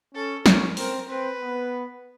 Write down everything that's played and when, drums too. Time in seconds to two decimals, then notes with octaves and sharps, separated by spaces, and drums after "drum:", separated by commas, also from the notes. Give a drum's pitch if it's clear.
0.14 C#4 A4
0.46 C#4 A#4, drum: snare
0.77 C4 A#4, drum: open hi-hat
1.09 C4 B4
1.40 B3